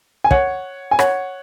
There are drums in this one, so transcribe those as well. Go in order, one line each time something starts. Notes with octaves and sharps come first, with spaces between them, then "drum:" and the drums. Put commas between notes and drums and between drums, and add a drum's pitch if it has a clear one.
G#5
C#5 F#5, drum: kick
G#5
C#5 F#5, drum: rim click